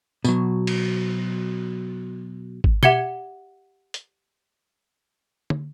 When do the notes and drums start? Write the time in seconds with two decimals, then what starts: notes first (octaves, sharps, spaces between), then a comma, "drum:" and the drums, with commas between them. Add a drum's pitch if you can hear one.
0.25 B2 F#3, drum: tambourine
0.67 drum: cymbal
2.64 drum: kick G#1
2.83 G4 E5 F#5 G#6 C#7 G7, drum: tom B2
3.94 drum: hi-hat
5.50 drum: tom